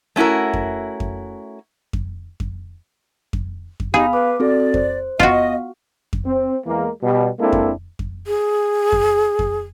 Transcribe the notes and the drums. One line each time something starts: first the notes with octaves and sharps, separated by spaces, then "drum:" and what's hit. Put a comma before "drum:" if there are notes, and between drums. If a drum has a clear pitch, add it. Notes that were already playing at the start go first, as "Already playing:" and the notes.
A3 C#4 E4 F#4 A#4
drum: kick F2
drum: kick F2
drum: kick F2
drum: kick F2
drum: kick F2
drum: kick F2
B3 D#4 G4 G#4 F5 B5
B4 F5 D6
C4 F#4 A4 D5
C5, drum: kick F2
B3 F4 F#4 D#5 F5, drum: kick F2
drum: kick F2
C4
E2 E3 G#3 A#3
B2 G3
G#3 A#3 C4 D4 E4 A4
drum: kick F2
drum: kick F2
G#4
drum: kick F2
drum: kick F2